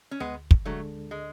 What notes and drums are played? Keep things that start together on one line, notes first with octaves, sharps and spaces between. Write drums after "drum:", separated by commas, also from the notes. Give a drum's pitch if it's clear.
C#4
D2 G#3 B3
drum: kick
D3 F#3 G#3 A3 D4 A4
G#3